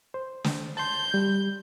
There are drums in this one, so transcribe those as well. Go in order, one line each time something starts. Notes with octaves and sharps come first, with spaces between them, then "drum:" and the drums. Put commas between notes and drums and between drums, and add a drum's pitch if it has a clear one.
C5
drum: snare
A5 C6 G6
G3